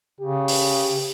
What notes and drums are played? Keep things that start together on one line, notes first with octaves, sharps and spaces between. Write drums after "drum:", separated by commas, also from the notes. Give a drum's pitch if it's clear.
C#3 G4
drum: open hi-hat